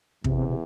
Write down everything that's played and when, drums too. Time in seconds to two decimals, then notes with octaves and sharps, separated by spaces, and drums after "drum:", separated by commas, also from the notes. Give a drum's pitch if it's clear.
0.24 E2 C3, drum: kick
0.50 C3